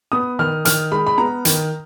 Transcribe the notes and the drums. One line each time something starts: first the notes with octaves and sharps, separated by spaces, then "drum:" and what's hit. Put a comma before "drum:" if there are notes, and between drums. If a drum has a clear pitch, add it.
B3 D#6
D#3 F6
D#3 F6, drum: hi-hat
G#3 B5
B5
B3 A#5
D#3, drum: hi-hat